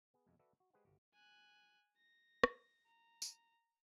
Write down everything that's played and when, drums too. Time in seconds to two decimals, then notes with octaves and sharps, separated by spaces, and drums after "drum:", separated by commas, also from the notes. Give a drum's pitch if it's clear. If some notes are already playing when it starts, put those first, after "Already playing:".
0.14 B3 G#4
0.26 F2 B2 G#3 A3
0.39 F#4 A4 B4 D5 E5
0.60 F#4
0.73 G#3 G4 G#4 B4 C5 F#5
0.85 G1 C2 F#4 G4
1.13 G#5 F#6
1.97 A#6
2.44 drum: rim click
2.86 A#5
3.22 drum: tambourine